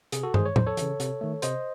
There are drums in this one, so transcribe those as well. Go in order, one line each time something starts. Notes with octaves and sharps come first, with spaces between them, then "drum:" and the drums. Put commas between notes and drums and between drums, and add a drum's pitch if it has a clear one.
C3 G#4, drum: hi-hat
F#4 A4
D#3 G#3 G#4 C5, drum: tom
C#5
E2 C5, drum: tom A2
A4 C#5
C#3 E3, drum: hi-hat
C3, drum: hi-hat
D#3 A3
C3 C5 D#5, drum: hi-hat